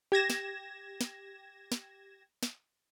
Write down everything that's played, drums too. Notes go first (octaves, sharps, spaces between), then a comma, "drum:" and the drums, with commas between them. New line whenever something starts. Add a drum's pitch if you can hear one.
G4 G#6 A#6 E7
drum: snare
drum: snare
drum: snare
drum: snare